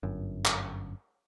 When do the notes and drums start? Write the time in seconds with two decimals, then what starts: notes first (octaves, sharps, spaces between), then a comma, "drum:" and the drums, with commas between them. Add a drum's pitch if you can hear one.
0.03 G1 F#2
0.45 drum: clap